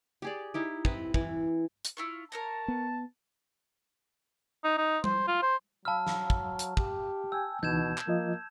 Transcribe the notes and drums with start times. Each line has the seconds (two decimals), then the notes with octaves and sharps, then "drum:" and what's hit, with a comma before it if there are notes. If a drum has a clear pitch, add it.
0.22 G4 G#4 D5
0.54 D#4 E4 G4
0.85 C4 E4 B4, drum: kick
1.14 E3, drum: kick
1.85 drum: hi-hat
1.97 E4 F4 C#6
2.32 A#4 C#5 A5 A#5
2.68 B3
4.64 D#4
4.78 D#4
5.04 C5, drum: tom G3
5.28 F4
5.42 C5
5.85 F#3 F5 A5 B5 E6 F6
6.07 drum: snare
6.30 drum: kick
6.59 drum: hi-hat
6.77 G4, drum: kick
7.32 G5 G#5 E6
7.63 C#2 B2 E3 D#4 G6 G#6 E7
7.98 drum: clap
8.07 F3 A#3 F4 D#5